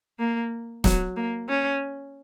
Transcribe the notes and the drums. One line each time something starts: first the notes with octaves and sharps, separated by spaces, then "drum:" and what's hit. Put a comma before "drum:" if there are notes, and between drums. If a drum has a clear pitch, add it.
A#3
F#3, drum: snare
A#3
C#4